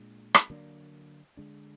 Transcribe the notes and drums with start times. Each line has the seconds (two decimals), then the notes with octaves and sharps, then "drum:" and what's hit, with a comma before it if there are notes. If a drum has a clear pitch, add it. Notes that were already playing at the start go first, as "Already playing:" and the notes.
Already playing: A#2 G#3 D4
0.35 drum: rim click
0.50 D3 F#3 A#3 D4
1.37 D3 G#3 D4